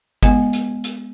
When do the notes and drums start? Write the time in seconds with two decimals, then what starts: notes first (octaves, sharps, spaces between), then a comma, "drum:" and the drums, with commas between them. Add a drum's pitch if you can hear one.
0.23 G#3 B3 G#5, drum: kick G1, hi-hat
0.53 drum: hi-hat
0.84 drum: hi-hat